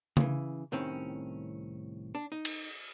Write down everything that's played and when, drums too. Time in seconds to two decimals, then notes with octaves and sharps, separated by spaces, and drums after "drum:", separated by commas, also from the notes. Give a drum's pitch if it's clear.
0.17 C#3 E3, drum: tom C#3
0.72 C2 A2 D#3 C4 C#4
2.15 D4
2.32 D#4
2.45 drum: cymbal